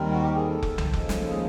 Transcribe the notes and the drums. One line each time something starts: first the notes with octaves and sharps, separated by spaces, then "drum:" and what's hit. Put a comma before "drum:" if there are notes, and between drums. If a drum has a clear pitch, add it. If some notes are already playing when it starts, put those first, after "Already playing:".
Already playing: D#2 D#3 G3 C4 A#4
F#4
G4
G#4
A4
drum: kick F1
drum: tom C2
D#2 C#3 F3 G#3, drum: kick F1
drum: snare
G#4